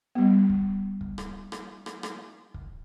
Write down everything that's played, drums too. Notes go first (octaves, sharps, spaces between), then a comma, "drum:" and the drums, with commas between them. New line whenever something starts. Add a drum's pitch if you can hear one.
G3 B3
drum: kick
drum: kick
drum: rim click
drum: rim click
drum: rim click
drum: rim click
drum: kick